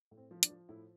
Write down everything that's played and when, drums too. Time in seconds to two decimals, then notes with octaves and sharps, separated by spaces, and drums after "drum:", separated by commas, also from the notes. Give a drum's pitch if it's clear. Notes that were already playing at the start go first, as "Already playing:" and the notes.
0.11 A2
0.17 C4
0.31 F3
0.43 D4, drum: hi-hat
0.49 F3
0.69 A2 E4